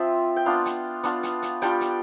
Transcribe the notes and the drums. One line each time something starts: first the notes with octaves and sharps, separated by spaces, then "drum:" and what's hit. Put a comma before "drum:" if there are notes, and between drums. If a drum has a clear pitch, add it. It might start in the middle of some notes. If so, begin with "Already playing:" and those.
Already playing: F3 C4 F4 E5
G5
B3 D4 F4 F5
drum: hi-hat
B3 D4 F4, drum: hi-hat
drum: hi-hat
drum: hi-hat
G3 D4 F4 G5, drum: hi-hat
drum: hi-hat